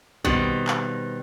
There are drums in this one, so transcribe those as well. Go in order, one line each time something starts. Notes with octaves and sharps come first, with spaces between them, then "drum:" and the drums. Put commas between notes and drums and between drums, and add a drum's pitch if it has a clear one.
B2 D#3 G3 C4, drum: kick A#1
drum: clap